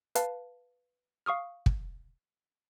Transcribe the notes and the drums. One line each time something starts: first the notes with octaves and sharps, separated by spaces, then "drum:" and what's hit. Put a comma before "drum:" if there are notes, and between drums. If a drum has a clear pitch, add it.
B4 F5 A5, drum: hi-hat
F5 C#6 D#6 F6
drum: kick